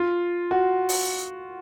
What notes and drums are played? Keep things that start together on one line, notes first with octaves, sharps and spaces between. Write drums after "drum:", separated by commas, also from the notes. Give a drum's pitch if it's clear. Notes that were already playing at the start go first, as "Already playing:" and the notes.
Already playing: F4
F#4
drum: open hi-hat